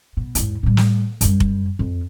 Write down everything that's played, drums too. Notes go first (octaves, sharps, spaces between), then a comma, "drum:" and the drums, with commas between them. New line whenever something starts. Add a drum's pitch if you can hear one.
B2
E2 G#2, drum: hi-hat
A2 G3
drum: snare
F#2 G3, drum: hi-hat
drum: kick F1
F2